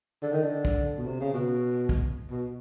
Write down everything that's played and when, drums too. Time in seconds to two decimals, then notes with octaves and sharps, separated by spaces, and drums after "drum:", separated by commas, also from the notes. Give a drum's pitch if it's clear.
0.23 D3
0.33 D#3
0.43 D3
0.65 drum: kick
0.98 B2
1.06 C3
1.21 C#3
1.34 B2
1.89 drum: kick
2.31 B2